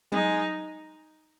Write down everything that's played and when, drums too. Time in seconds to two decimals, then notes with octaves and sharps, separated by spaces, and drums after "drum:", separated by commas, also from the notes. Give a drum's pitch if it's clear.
0.12 G#3 D#4, drum: tom F#3